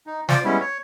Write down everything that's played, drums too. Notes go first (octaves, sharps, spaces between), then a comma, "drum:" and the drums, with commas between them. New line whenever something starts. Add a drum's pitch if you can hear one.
D#4
F4 C5 D5, drum: snare
G3 G#3 B3 C#4 E4
C#5